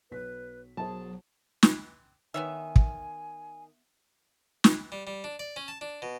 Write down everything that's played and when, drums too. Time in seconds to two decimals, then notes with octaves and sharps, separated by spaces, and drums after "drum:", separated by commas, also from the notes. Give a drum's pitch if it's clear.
0.11 B1 B4 C#5 B6
0.77 B1 F#3 G#4 A#4 C5 A5
1.63 drum: snare
2.34 D#3 B3 C#5 E5 G#5
2.76 drum: kick
4.64 drum: snare
4.92 G3
5.07 G3
5.24 D4
5.39 D5
5.56 C#4
5.68 A5
5.81 D4
6.02 B2